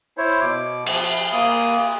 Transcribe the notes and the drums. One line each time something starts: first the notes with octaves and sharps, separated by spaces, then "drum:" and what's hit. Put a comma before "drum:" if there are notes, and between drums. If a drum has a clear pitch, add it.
E4 C5 C#5
B2 D6
F3, drum: cymbal
A#3 D#6